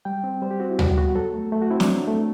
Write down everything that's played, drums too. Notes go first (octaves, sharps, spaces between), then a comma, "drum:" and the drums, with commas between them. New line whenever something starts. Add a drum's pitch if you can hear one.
G3 G5
C4
G3 C5
G4
C4 F#4
E4
G3 F#4, drum: tom D2
B3 F#4
F#3 A4
A3
A3
F#4
C4 E4
D4, drum: snare
F#3
A3